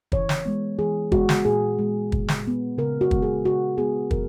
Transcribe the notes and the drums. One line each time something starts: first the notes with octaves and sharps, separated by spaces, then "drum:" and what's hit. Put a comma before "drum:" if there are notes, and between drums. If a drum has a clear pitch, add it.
E3 C#5, drum: kick
drum: snare
G#3 B3
E3 G#4
G#3 B3 F#4, drum: kick
drum: snare
A#2 G#4
G#3 B3
A#2, drum: kick
drum: snare
G#3 B3
C#3 A#4
F#4
G#3 B3, drum: kick
G#4
C#3 F#4
G#3 B3 G#4
F#3 A#4, drum: kick